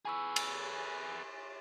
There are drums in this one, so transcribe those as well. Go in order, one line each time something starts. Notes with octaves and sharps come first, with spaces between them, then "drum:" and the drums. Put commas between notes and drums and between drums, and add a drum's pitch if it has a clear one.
G#4 B4 G#5 C#6 E6
drum: cymbal